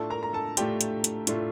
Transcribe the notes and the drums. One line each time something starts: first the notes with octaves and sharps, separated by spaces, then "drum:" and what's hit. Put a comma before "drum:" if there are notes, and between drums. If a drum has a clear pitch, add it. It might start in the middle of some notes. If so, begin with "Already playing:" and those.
Already playing: A2 A3 D4 F4 A4 A5
A#4 A#5
A#5
A4 A5
A2 A3 D4 F4 G4 G5, drum: hi-hat
drum: hi-hat
drum: hi-hat
A2 A3 D4 F4, drum: hi-hat